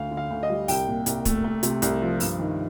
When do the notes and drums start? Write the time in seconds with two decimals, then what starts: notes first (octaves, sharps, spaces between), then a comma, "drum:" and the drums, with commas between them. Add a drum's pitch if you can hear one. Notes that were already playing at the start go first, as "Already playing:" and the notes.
Already playing: D2 F5
0.11 D3
0.17 F5
0.30 D2
0.43 D#5
0.50 G3
0.68 C2 G5, drum: open hi-hat
0.88 A#2
1.06 C2, drum: hi-hat
1.25 A3, drum: kick, hi-hat
1.44 A3
1.63 C3, drum: hi-hat
1.82 C2, drum: hi-hat
2.02 F3
2.20 G2, drum: open hi-hat
2.39 D#3